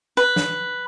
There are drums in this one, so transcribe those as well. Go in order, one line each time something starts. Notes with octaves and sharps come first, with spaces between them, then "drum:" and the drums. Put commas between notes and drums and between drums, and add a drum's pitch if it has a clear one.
B4
drum: snare